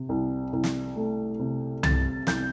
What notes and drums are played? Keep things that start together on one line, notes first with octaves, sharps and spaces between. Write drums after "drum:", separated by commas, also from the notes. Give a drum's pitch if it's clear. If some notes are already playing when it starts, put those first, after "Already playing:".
Already playing: C3
C2
C2
drum: snare
A3
C3
C2 A6, drum: tom C2
C2 G6, drum: snare